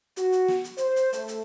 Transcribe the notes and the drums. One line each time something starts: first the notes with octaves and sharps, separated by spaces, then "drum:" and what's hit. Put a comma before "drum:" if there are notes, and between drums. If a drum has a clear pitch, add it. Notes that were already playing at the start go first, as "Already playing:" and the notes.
F#4, drum: hi-hat
drum: hi-hat
drum: snare
drum: hi-hat
C5, drum: hi-hat
drum: hi-hat
A3, drum: hi-hat
drum: hi-hat